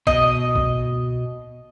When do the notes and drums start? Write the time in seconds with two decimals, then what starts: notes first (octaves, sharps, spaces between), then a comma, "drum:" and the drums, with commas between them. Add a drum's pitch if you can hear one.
0.07 B2 D#5, drum: kick
0.55 drum: kick